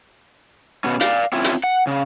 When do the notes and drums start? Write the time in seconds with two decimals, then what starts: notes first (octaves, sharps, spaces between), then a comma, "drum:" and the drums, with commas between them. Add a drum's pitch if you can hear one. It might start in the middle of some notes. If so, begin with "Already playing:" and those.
0.84 B2 B3 C#4
1.01 D5 F5, drum: hi-hat
1.33 C4 C#4 E4 F4
1.44 drum: hi-hat
1.64 F#5
1.87 C#3